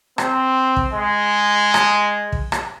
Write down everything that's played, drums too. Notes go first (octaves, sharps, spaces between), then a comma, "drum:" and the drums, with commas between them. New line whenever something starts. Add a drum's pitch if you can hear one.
C4, drum: rim click
drum: kick
G#3
drum: rim click
drum: kick
drum: rim click